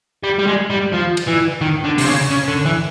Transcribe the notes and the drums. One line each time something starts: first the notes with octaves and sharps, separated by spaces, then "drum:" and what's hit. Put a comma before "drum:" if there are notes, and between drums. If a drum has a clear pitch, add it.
G3
G3
G#3
G3
F3
drum: cymbal
E3
D#3
D3
C3, drum: open hi-hat
C#3
C#3
D3
E3